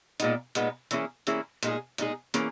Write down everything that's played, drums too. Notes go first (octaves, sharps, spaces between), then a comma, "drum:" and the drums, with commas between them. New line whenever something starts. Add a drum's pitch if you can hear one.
A#2 G#3 B3 D#4, drum: hi-hat
A#2 G#3 B3 D#4, drum: hi-hat
E3 A#3 C#4 E4 G#4, drum: hi-hat
E3 A#3 C#4 E4 G#4, drum: hi-hat
A#2 G#3 D#4 G#4, drum: hi-hat
A#2 G#3 D#4 G#4, drum: hi-hat
E3 A#3 C#4 G#4, drum: hi-hat